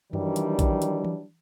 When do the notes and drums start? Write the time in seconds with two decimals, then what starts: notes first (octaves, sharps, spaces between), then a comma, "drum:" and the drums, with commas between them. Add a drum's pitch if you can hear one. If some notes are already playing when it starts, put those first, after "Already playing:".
0.13 D#3 E3 F#3 G3 D4, drum: tom F#2
0.36 drum: hi-hat
0.59 drum: kick A#1, hi-hat
0.82 drum: hi-hat
1.04 drum: tom E3